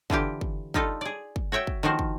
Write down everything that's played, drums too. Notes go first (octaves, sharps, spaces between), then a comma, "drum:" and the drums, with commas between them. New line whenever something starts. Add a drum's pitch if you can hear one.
D3 E3 F4 G4, drum: kick
drum: kick
G3 D#4 F4 A4, drum: kick
G#4 D5
drum: kick
F#4 C#5 E5 G5
drum: kick
D#3 F3 A#3 F#4 C5
drum: kick